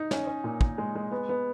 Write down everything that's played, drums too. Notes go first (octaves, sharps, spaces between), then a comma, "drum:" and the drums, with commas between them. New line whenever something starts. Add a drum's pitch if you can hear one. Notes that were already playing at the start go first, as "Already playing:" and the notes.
Already playing: D#4
C#4, drum: snare
C#4
A#2
A#2, drum: kick
G#3
G#3
B3
B3